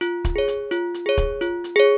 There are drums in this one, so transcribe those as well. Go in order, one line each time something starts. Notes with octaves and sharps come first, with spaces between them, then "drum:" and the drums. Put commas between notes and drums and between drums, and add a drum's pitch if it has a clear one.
F4, drum: hi-hat
drum: kick, hi-hat
G#4 C#5
drum: hi-hat
F4, drum: hi-hat
drum: hi-hat
G#4 C#5
drum: kick, hi-hat
F4, drum: hi-hat
drum: hi-hat
G#4 C#5